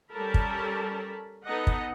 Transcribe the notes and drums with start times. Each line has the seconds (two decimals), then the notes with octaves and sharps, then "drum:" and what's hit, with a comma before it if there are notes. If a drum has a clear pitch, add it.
0.12 G3 C#4 A4 A#4 A5 B5
0.34 drum: kick
1.45 B3 D#4 A4 D#5 F#5
1.67 drum: kick